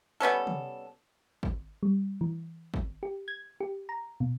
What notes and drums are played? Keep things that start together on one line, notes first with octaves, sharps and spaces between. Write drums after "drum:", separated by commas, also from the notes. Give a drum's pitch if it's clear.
G3 B3 C#4 A4
drum: tom
drum: kick G#1
G3
E3
drum: kick G#1
G4
G#6
G4
A#5
B2